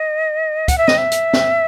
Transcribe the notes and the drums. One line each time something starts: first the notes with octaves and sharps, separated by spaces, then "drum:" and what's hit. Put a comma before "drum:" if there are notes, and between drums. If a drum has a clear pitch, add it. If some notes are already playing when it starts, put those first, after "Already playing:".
Already playing: D#5
F#5, drum: kick, hi-hat
E5
D#5, drum: snare
E5
drum: hi-hat
drum: snare